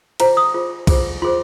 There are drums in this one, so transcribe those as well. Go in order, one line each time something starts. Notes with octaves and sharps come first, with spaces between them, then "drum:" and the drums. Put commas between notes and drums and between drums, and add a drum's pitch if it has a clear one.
F4 G#4 C5 A#5, drum: cymbal
D#6
F4 G#4 C5
F4 G#4 C5, drum: kick B1, cymbal
F4 G#4 C5 C6